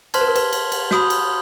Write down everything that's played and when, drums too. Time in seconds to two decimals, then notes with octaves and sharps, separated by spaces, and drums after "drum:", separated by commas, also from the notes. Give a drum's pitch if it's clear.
0.14 C5 A5 C6 F6 G#6 B6, drum: cymbal
0.21 B4
0.28 A#4
0.36 B4, drum: cymbal
0.53 drum: cymbal
0.72 drum: cymbal
0.91 F#4 B5 D#6 G6, drum: snare
1.10 drum: cymbal